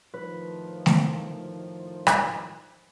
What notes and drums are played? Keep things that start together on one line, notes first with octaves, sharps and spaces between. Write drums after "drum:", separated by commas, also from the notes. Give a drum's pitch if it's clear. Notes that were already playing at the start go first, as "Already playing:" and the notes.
A2 D#3 F3 B4
drum: snare A3
drum: rim click